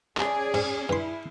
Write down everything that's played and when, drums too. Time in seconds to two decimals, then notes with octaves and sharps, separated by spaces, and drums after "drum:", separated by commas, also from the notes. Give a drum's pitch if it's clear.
0.17 C#4 G#4 D5, drum: clap
0.54 G#2, drum: cymbal
0.89 G2 E4 C6